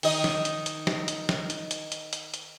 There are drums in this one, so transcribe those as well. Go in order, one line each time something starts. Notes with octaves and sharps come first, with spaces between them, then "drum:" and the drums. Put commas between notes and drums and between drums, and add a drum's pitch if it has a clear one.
D#3 D#5, drum: open hi-hat
drum: snare
drum: hi-hat
drum: hi-hat
drum: snare
drum: hi-hat
drum: snare
drum: hi-hat
drum: hi-hat
drum: hi-hat
drum: hi-hat
drum: hi-hat